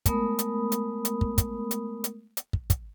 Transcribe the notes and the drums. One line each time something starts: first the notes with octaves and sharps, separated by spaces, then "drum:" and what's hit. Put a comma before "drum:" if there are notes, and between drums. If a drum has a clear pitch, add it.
G#3 A3 B3 A#4 B5 D#6, drum: kick, hi-hat
drum: hi-hat
drum: hi-hat
drum: hi-hat
drum: kick
drum: kick, hi-hat
drum: hi-hat
drum: hi-hat
drum: hi-hat
drum: kick
drum: kick, hi-hat